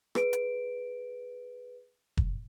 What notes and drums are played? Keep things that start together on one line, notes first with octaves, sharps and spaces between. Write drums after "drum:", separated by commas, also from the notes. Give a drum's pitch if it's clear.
G#4 B4 D7, drum: rim click
drum: hi-hat
drum: kick